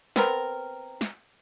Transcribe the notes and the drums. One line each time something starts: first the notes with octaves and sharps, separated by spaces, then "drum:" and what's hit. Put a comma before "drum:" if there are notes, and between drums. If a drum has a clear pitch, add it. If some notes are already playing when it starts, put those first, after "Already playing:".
B3 C4 A#4, drum: snare
drum: snare